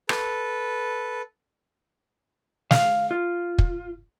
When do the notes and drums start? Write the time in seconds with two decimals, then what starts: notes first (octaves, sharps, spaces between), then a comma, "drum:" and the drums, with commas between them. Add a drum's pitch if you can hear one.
0.09 A4 B4, drum: rim click
2.71 F5, drum: snare
3.11 F4
3.58 drum: kick